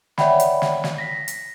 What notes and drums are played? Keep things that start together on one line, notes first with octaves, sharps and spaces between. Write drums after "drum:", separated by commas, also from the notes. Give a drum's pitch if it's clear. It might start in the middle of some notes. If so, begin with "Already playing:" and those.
C#5 D5 E5 F#5 G5 B5, drum: snare
drum: hi-hat
drum: snare
drum: snare
A#6 B6
drum: hi-hat